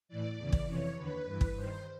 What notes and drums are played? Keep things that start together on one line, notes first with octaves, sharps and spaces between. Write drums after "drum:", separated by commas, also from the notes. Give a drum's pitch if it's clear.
A2 E3 D5
E2 C#3 E3
drum: kick
F2 C3 E3 C#5
D#2 D3 B4
G2 E3
drum: kick
G2 D#3 C5